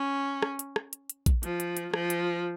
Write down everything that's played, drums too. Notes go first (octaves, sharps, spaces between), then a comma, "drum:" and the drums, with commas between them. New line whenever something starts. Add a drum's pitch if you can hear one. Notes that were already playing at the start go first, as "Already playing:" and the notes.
Already playing: C#4
drum: rim click
drum: hi-hat
drum: rim click
drum: hi-hat
drum: hi-hat
drum: kick A#1, hi-hat
F3, drum: hi-hat
drum: hi-hat
drum: hi-hat
F3, drum: rim click
drum: hi-hat